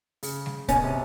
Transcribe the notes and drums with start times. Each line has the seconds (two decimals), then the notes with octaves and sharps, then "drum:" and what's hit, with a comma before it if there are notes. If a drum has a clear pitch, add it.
0.23 C#3, drum: open hi-hat
0.46 drum: snare G3
0.69 B2 C#4, drum: kick, hi-hat
0.84 C3